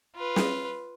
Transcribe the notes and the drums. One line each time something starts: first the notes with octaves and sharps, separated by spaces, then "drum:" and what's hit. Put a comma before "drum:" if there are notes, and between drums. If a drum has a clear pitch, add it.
F4 B4
drum: snare